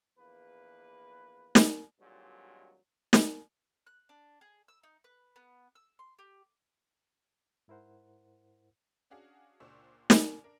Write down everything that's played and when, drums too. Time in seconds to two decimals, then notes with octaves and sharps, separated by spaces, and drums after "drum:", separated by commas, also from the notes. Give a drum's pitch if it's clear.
0.18 A#1 E2 A#3 B4
1.55 drum: snare
1.99 G#1 G2 A#2 F#3 G#3
3.13 drum: snare
3.87 F#6
4.09 D4
4.41 G#4
4.68 E6
4.83 D#4
5.04 B4
5.36 B3
5.75 E6
5.99 C6
6.19 G4
7.68 G#2 E4 A#4 C5 F#5
9.10 C#4 D4 F#4 G#4 F5
9.60 C#2 A#2 D4 C5 C#6 E6
10.10 drum: snare
10.21 A#2 D3
10.44 D4 A#4